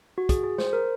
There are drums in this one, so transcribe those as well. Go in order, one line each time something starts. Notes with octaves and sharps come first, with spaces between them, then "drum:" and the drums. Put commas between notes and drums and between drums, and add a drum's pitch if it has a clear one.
F#4
G#4, drum: kick, hi-hat
G#4
C5, drum: snare
A#4